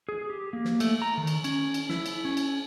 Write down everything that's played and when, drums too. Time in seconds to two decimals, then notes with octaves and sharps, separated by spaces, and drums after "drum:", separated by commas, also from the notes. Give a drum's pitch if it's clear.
0.09 G#4
0.30 G4
0.53 A#3
0.65 drum: snare
0.80 A3, drum: cymbal
1.02 A#5
1.18 D#3
1.27 drum: cymbal
1.44 C#4, drum: cymbal
1.74 drum: cymbal
1.90 E4, drum: snare
2.06 drum: cymbal
2.25 C#4
2.37 drum: cymbal